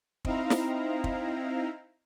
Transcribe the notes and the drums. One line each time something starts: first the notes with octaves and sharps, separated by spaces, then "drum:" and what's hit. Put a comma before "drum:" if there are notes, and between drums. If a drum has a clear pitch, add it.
C4 D#4 E4 F5 A#5, drum: kick
drum: snare
drum: kick